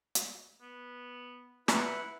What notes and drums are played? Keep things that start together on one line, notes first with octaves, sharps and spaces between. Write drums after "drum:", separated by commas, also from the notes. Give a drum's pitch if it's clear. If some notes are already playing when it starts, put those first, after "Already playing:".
drum: hi-hat
B3
E4 B4 F#5, drum: snare